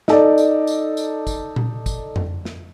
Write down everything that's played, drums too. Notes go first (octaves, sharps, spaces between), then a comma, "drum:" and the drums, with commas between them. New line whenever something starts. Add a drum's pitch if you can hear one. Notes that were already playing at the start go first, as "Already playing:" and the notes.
D#4 A4 D5, drum: snare
drum: tambourine
drum: tambourine
drum: tambourine
drum: kick, tambourine
drum: tom A#2
drum: kick, tambourine
drum: tom F2
drum: snare